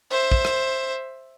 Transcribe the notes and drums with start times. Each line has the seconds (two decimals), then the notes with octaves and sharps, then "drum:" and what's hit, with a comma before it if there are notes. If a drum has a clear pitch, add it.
0.10 C5 E5
0.32 drum: kick
0.45 drum: rim click